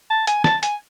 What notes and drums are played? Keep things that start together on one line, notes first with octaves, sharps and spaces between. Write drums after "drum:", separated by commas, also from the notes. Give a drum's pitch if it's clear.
A5
G#5, drum: hi-hat
A5, drum: snare
G#5, drum: hi-hat